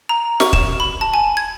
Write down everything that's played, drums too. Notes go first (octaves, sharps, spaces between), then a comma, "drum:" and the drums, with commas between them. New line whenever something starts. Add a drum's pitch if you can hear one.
A#5
C#6, drum: snare
E7, drum: kick
B5
A5
G#5
G#6